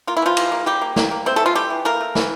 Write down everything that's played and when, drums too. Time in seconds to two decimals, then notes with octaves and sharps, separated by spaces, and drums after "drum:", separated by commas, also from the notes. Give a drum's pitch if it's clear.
0.07 A#3 F4
0.17 E4
0.22 E3 F3 F4
0.37 E3, drum: cymbal
0.52 A#3
0.66 G3 A#3 G4
0.82 A#3
0.96 A#3, drum: snare
1.11 A#3
1.26 A3 C4 C5
1.36 A3 A4
1.40 E3
1.46 F3 F4
1.55 G3 A3 G4
1.70 E3
1.85 A3 A#3 A#4
2.01 A3
2.15 E3, drum: snare